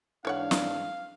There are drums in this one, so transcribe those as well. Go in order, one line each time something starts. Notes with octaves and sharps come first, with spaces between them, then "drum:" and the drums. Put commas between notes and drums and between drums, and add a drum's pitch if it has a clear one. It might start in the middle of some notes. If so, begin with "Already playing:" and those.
G#2 E3 D4 E4 C#5 F5 F#5
drum: snare